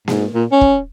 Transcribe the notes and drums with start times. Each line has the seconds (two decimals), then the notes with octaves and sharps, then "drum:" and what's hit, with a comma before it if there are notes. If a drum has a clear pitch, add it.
0.08 G#2, drum: snare A#3
0.35 A#2
0.52 C#4
0.61 drum: kick